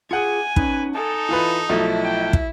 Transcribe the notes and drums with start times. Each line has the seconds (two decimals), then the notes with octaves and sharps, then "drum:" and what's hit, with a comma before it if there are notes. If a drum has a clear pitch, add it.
0.11 F4 G#4 F#5 G#5 C#7
0.56 C#4 D#4 B4, drum: kick
0.95 D#4 A4 D#5 G#5 A5
1.29 E3 F4 B4
1.69 B1 F3 A3 E4 D#5
2.04 G5
2.33 drum: kick